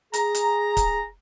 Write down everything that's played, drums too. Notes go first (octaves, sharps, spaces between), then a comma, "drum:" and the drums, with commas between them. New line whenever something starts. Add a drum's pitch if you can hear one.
G#4 A#5, drum: hi-hat
drum: hi-hat
drum: kick, hi-hat